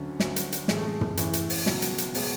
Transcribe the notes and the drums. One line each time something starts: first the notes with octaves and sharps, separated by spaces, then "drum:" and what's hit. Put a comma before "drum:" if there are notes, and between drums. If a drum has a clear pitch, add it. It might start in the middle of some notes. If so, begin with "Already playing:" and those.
Already playing: D2 D3 F#3 C#4
D2 D3 F#3, drum: snare
drum: hi-hat
drum: hi-hat
A1 A2 E3 G#3, drum: snare
A3
G#3
drum: tom
A1 A2 E3, drum: hi-hat
drum: hi-hat
drum: open hi-hat
C#2 B2 F#3, drum: snare
drum: hi-hat
drum: hi-hat
B2 F#3 G#3, drum: open hi-hat